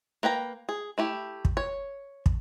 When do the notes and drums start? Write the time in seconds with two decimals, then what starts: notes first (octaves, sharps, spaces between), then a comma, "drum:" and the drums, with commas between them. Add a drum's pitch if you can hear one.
0.23 A#3 B4 G5 A#5
0.69 G#4
0.98 A3 E4 G4
1.45 drum: kick
1.57 C#5
2.26 drum: kick